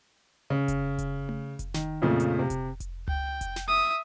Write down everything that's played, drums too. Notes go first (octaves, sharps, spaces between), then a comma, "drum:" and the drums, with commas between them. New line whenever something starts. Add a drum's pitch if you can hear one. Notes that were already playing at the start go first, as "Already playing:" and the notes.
C#3
drum: kick F1, hi-hat
drum: kick F1, hi-hat
drum: tom A3
drum: kick F1, hi-hat
D#3, drum: snare
F2 A#2 C#3 F3 A3
drum: hi-hat
C3
drum: kick F1, hi-hat
drum: kick F1, hi-hat
G5, drum: tom C#2
drum: kick F1, hi-hat
drum: snare
E5 D#6